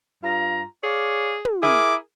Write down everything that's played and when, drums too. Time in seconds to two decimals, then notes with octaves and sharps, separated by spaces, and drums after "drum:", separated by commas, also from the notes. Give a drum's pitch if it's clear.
0.24 G2 F4 A#5
0.83 G#4 C#5 D5 F5
1.45 drum: tom
1.63 E4 G#4 A#4 D6, drum: snare